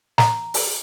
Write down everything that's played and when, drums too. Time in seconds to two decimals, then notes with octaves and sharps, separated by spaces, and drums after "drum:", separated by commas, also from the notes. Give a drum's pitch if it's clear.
0.18 A#5, drum: snare
0.54 drum: open hi-hat